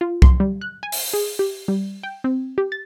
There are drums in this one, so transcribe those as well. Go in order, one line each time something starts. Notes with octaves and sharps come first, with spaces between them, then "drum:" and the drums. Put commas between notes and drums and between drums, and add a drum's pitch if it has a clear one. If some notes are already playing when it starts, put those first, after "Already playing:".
F4
C6, drum: kick C2
G3
F#6
G#5
drum: open hi-hat
G#4
G4
G3
G5
C4
G4
A6